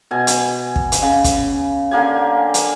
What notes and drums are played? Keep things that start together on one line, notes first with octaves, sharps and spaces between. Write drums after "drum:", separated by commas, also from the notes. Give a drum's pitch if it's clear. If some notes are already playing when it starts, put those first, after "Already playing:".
B2 G#5
drum: hi-hat
drum: kick
drum: hi-hat
C#3
drum: kick, hi-hat
D3 A#3 G4 G#5
drum: hi-hat